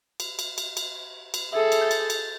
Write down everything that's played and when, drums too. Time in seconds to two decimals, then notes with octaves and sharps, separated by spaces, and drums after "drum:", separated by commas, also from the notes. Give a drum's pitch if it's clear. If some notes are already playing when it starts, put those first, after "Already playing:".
0.20 drum: cymbal
0.39 drum: cymbal
0.58 drum: cymbal
0.77 drum: cymbal
1.34 drum: cymbal
1.53 G#4 A4 E5
1.72 drum: cymbal
1.81 G6 A6
1.91 drum: cymbal
2.10 drum: cymbal